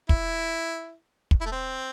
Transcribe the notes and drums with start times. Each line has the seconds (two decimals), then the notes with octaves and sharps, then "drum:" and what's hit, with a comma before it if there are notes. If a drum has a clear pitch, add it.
0.09 E4, drum: kick
1.31 drum: kick
1.41 E4
1.46 A3
1.52 C4